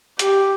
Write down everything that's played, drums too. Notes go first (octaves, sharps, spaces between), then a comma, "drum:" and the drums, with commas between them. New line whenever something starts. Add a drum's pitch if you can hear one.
G4, drum: hi-hat